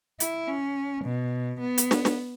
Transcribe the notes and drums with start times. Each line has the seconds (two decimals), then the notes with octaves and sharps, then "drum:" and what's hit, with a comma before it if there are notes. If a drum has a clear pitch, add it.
0.20 E4, drum: hi-hat
0.47 C#4
1.05 B2
1.60 B3
1.78 drum: hi-hat
1.91 drum: snare
2.05 drum: snare